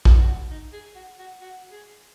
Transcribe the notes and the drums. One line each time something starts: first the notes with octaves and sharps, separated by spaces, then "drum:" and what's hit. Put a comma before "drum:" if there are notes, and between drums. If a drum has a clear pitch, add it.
drum: kick
F#4
D#4
G#4
F#4
F#4
F#4
G#4